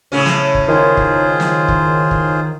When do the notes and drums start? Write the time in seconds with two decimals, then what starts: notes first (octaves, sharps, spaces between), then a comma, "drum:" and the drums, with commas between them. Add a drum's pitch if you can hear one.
0.12 A2 C#3 C#4
0.26 drum: snare
0.54 drum: kick
0.68 D#3 F4 G#4 C5
0.97 drum: kick
1.40 drum: snare
1.68 drum: kick
2.11 drum: kick